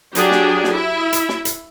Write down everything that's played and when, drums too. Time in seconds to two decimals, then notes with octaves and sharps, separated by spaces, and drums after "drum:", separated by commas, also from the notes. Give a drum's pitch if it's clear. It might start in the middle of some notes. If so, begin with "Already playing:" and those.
0.15 F#3 D4 G4 G#4, drum: hi-hat
0.31 drum: snare
0.64 drum: snare
0.73 E4 E5
1.13 drum: hi-hat
1.29 drum: snare
1.45 drum: hi-hat